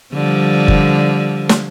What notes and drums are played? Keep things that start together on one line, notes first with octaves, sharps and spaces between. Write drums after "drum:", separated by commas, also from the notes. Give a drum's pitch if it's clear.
D3 F3 G3
drum: kick F#1
drum: snare